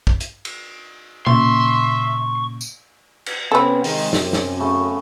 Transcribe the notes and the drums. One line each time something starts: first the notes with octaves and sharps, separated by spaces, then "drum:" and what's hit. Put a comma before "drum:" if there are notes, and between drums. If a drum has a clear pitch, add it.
drum: kick
drum: hi-hat
drum: cymbal
A#2 C#3 E5 C6 C#6, drum: tom B2
drum: tambourine
drum: cymbal
C3 B3 C#4 A4 B4
D#3 G#3, drum: open hi-hat
F#2, drum: snare
drum: snare
C#3 A3 B3